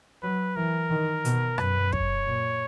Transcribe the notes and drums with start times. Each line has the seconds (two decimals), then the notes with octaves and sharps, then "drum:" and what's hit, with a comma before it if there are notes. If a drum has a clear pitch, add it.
0.23 F#3 B4
0.56 E3 A#4
0.90 D#3
1.25 B2, drum: hi-hat
1.58 F#2 B4, drum: rim click
1.93 C#5, drum: kick
2.26 A#2